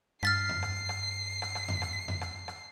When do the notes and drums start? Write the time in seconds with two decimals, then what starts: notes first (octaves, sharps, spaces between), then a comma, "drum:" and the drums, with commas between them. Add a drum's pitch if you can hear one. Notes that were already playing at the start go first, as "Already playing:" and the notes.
0.23 G2 F6 A6 B6 C7, drum: rim click
0.49 drum: tom F2
0.63 drum: rim click
0.89 drum: rim click
1.42 drum: rim click
1.55 drum: rim click
1.68 drum: tom F2
1.82 drum: rim click
2.08 drum: tom F2
2.21 drum: rim click
2.48 drum: rim click